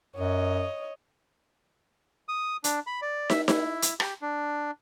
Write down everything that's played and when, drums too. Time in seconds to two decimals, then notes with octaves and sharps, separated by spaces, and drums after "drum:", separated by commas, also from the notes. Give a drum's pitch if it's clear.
0.16 F#2 C#5 D#5
2.28 D#6
2.64 D4, drum: hi-hat
2.87 B5
3.02 D5
3.30 E5, drum: snare
3.48 E4, drum: snare
3.82 drum: hi-hat
4.00 G4, drum: rim click
4.22 D4